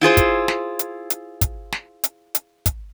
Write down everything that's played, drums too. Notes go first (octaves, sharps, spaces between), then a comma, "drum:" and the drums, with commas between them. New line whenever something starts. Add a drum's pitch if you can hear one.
E4 F4 G#4 C5
drum: kick, hi-hat
drum: snare
drum: hi-hat
drum: hi-hat
drum: kick, hi-hat
drum: snare
drum: hi-hat
drum: hi-hat
drum: kick, hi-hat